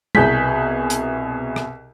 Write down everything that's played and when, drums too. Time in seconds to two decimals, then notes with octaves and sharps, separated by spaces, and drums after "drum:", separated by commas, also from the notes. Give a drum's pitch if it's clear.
0.15 C2 B2 G#4 G6 B6, drum: tom
0.90 drum: hi-hat
1.56 drum: rim click